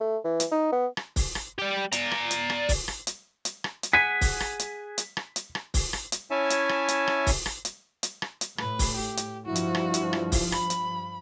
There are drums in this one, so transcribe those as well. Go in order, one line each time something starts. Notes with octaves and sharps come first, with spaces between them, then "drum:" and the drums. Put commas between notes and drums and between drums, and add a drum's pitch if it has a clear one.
A3
E3
drum: hi-hat
D#4
B3
drum: rim click
drum: kick, open hi-hat
drum: rim click
G3 G4
D5 A#5, drum: hi-hat
drum: rim click
drum: hi-hat
drum: rim click
drum: kick, open hi-hat
drum: rim click
drum: hi-hat
drum: hi-hat
drum: rim click
drum: hi-hat
G#4 F#5 G#5 B6
drum: kick, open hi-hat
drum: rim click
drum: hi-hat
drum: hi-hat
drum: rim click
drum: hi-hat
drum: rim click
drum: kick, open hi-hat
drum: rim click
drum: hi-hat
C#4 E4 C#5 E5 G#5 A5
drum: hi-hat
drum: rim click
drum: hi-hat
drum: rim click
drum: kick, open hi-hat
drum: rim click
drum: hi-hat
drum: hi-hat
drum: rim click
drum: hi-hat
A2 B4, drum: rim click
drum: kick, open hi-hat
G4
drum: hi-hat
G2 F3 E4 F#4
drum: hi-hat
drum: rim click
drum: hi-hat
drum: rim click
drum: kick, open hi-hat
B5, drum: rim click
drum: hi-hat